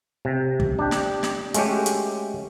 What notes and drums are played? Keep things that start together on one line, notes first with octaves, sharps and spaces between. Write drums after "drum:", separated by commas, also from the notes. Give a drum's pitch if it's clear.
C3
drum: kick
D4 G4
drum: snare
drum: snare
G#3 A3 C#4 F#4 G4, drum: hi-hat
drum: hi-hat